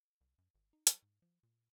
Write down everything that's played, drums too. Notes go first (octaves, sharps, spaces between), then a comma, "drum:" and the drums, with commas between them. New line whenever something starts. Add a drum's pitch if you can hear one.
C2
F#2
G#1
D#4
F#3, drum: hi-hat
G#2
F3
A#2